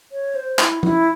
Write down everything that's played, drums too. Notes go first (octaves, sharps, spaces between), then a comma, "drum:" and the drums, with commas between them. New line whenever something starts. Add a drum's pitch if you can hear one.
C#5
C5
E4, drum: clap
E4, drum: tom F3